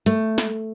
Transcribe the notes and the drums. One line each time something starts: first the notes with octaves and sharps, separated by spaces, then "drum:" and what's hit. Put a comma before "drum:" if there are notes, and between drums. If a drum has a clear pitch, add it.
A3, drum: hi-hat
drum: snare